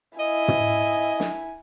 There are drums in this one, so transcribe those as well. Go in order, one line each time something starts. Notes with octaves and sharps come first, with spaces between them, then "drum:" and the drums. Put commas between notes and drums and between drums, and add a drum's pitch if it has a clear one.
E4 D#5 G#5
drum: tom
drum: snare